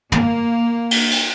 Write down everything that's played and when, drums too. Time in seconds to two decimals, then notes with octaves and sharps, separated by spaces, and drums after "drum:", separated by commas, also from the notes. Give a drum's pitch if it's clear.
0.12 A#3, drum: tom
0.91 drum: cymbal
1.11 drum: cymbal